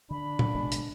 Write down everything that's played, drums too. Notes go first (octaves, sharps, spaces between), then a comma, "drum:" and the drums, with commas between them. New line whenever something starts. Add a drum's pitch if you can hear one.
D3 D4 B5
drum: tom A#2
A1 B2 G#3
drum: hi-hat